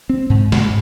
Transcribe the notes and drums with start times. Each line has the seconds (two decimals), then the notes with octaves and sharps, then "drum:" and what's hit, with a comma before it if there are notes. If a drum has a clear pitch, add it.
0.10 C4
0.30 G#2
0.52 G#2, drum: snare